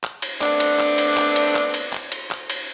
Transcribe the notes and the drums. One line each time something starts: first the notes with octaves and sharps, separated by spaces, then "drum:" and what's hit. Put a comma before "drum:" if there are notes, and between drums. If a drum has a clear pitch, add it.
drum: clap
drum: cymbal
A3 B3 C4 D4, drum: clap
drum: cymbal
drum: clap
drum: cymbal
drum: clap
drum: cymbal
drum: clap
drum: cymbal
drum: clap
drum: cymbal
drum: clap
drum: cymbal